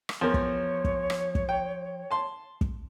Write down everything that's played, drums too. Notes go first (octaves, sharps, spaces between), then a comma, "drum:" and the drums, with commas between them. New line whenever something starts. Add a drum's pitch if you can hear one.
drum: rim click
E2 F3 A#4 C#5
drum: kick
drum: kick
drum: rim click
drum: kick
G5
A5 C6
drum: kick